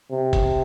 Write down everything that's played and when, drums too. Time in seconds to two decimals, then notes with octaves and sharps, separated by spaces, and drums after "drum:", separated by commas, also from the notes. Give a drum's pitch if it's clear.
0.12 C3
0.33 drum: kick F1, hi-hat